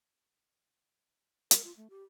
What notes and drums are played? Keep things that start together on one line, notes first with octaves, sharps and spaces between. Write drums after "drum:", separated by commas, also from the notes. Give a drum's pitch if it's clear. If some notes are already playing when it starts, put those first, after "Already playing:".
A#4, drum: hi-hat
F4
A3
G4